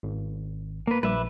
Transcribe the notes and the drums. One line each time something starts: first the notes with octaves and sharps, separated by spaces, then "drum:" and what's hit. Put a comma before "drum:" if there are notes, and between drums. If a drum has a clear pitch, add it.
G#1
A#3 B4
A#1 B4 E5 D6, drum: tom F#3